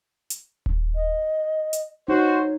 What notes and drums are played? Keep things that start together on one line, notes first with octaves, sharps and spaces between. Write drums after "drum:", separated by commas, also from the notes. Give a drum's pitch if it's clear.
drum: hi-hat
drum: kick D#1
D#5
drum: hi-hat
D#4 F#4 C5 C#5